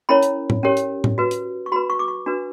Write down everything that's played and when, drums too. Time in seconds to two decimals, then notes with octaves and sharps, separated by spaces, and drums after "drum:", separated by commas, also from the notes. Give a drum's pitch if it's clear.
0.09 C#4 E4 A#4 C#5 B5
0.23 drum: hi-hat
0.50 drum: tom A2
0.63 C#4 G4 A#4 C#5
0.77 drum: hi-hat
1.04 drum: tom A2
1.18 F#4 B4
1.31 drum: hi-hat
1.66 C#6
1.72 F#4 B4 B5
1.90 C#6
1.99 D6
2.08 C#6
2.26 D4 F#4 B4